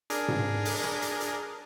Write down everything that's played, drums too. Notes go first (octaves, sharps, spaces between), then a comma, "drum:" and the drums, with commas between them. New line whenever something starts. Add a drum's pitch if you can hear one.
D4 G#4 A#4, drum: hi-hat
drum: tom G#2
drum: open hi-hat
drum: rim click
drum: hi-hat
drum: hi-hat